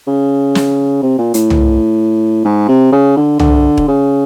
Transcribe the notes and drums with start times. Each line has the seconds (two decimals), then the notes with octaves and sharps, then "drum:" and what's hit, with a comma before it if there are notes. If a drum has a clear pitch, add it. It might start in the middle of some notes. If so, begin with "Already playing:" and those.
0.07 C#3
0.55 drum: snare
1.02 C3
1.18 A#2
1.34 A2, drum: hi-hat
1.50 drum: tom C2
2.44 G#2
2.68 C3
2.92 C#3
3.17 D3
3.39 D3, drum: tom C2
3.78 drum: kick E1
3.88 C#3